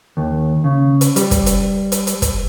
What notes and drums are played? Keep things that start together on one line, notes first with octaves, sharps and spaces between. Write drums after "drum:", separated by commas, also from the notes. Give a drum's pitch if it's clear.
D#2
C#3
drum: hi-hat
G3, drum: hi-hat
drum: kick, hi-hat
drum: hi-hat
drum: hi-hat
drum: hi-hat
drum: kick, hi-hat